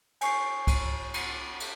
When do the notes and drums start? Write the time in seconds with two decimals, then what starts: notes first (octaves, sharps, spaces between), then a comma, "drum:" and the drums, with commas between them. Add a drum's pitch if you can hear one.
0.21 G#5 C#6 C7, drum: cymbal
0.67 drum: kick C2, cymbal
1.14 drum: cymbal
1.60 drum: cymbal